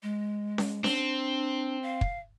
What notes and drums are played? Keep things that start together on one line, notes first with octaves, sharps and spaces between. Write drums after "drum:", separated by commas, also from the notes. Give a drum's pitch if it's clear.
G#3
drum: snare C#4
C4 D4, drum: snare C#4
F5
drum: kick